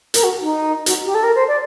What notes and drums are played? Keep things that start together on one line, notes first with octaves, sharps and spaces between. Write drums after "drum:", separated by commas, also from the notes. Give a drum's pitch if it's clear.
A#4, drum: hi-hat
F#4
D#4
F#4, drum: hi-hat
G4
A4
A#4
C5
D5